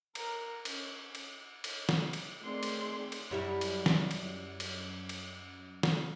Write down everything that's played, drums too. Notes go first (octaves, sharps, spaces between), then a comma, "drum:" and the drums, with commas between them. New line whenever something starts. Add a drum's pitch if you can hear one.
A#4, drum: cymbal
C#4, drum: cymbal
drum: cymbal
drum: cymbal
drum: snare
drum: cymbal
D#3 A3 C4 G#4 D5 C6
drum: cymbal
drum: cymbal
F#2 G3 E4
drum: cymbal
drum: snare
drum: cymbal
drum: cymbal
drum: cymbal
drum: snare